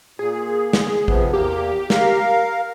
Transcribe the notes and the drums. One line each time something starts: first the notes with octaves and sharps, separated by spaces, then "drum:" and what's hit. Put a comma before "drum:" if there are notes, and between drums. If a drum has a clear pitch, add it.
A#2 G#4
drum: snare
C3 F3 B3, drum: kick A1
E2 A#3 G4
A#4 F5, drum: snare